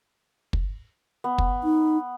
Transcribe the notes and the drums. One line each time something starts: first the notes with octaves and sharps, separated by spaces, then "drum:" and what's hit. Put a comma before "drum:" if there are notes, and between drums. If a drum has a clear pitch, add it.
drum: kick
B3
drum: kick
D#4